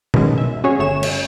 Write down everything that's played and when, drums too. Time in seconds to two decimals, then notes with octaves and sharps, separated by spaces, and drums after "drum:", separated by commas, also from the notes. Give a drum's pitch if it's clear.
0.14 B2 D#3 F#3 G#3 C#4, drum: tom
0.38 E5
0.64 C#4 F#4 G#4 C#5
0.79 G1 A3 C#5 E7
1.03 drum: cymbal